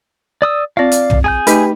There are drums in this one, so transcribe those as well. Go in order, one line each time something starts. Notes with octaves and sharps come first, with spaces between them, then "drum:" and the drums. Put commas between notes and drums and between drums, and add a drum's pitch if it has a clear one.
D5 D#6 E6
C4 F4 D5 F5
drum: hi-hat
drum: tom
G#4 G#5 G6
A3 D#4 G4 B4 D#5, drum: hi-hat